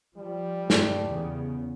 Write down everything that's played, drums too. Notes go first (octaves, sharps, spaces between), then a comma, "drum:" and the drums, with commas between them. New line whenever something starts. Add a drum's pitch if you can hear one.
F3 G3
G2 A3, drum: snare
E2 C#3 B3